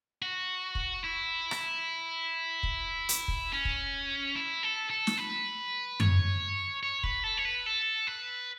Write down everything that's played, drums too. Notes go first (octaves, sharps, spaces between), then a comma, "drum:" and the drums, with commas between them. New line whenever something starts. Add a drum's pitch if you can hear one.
F#4
drum: kick
E4
drum: rim click
drum: kick
drum: hi-hat
drum: kick
C#4
drum: kick
E4
A4
A4
drum: snare
B4
C#5, drum: tom F#2
C#5
B4, drum: kick
A4
C#5
B4
A4
B4